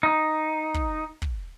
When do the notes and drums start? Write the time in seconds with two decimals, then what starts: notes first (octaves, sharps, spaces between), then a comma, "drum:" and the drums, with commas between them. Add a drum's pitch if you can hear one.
0.03 D#4
0.74 drum: kick
1.22 drum: kick